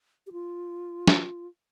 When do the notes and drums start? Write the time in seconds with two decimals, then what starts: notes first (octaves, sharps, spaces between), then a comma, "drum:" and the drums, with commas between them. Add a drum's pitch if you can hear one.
0.27 G4
0.32 F4
1.08 drum: snare